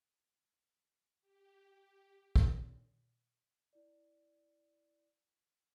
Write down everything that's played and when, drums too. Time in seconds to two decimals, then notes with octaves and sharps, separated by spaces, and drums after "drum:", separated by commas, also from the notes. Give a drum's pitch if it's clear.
1.21 G4
2.36 drum: kick
3.73 E4 D5